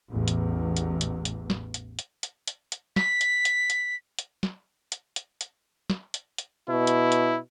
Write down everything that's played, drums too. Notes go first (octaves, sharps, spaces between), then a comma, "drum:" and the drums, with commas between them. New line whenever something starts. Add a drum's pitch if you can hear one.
A1 E2
drum: hi-hat
drum: hi-hat
drum: hi-hat
drum: hi-hat
drum: snare
drum: hi-hat
drum: hi-hat
drum: hi-hat
drum: hi-hat
drum: hi-hat
B6, drum: snare
drum: hi-hat
drum: hi-hat
drum: hi-hat
drum: hi-hat
drum: snare
drum: hi-hat
drum: hi-hat
drum: hi-hat
drum: snare
drum: hi-hat
drum: hi-hat
B2 E4
drum: hi-hat
drum: hi-hat